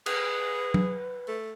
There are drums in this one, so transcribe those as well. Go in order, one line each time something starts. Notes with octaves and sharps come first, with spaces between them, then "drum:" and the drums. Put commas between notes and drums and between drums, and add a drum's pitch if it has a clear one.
G#4 B4, drum: cymbal
drum: tom F#3
A3